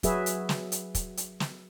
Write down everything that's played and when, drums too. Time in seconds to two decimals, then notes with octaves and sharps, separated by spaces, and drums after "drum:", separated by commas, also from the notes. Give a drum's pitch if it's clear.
0.03 F#3 F#4 G#4 B4 E5, drum: kick, hi-hat
0.26 drum: hi-hat
0.49 drum: snare
0.72 drum: hi-hat
0.95 drum: kick, hi-hat
1.17 drum: hi-hat
1.40 drum: snare